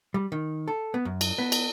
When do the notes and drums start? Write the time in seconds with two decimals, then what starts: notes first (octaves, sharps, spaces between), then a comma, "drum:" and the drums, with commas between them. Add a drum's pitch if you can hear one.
0.14 G3
0.32 D#3
0.68 A4
0.94 B3
1.05 F#2
1.21 drum: cymbal
1.38 B3
1.52 drum: cymbal